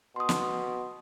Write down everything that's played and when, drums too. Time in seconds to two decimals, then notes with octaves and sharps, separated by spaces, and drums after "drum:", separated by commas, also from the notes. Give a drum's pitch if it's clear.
0.16 B2 C6 D#6
0.29 drum: snare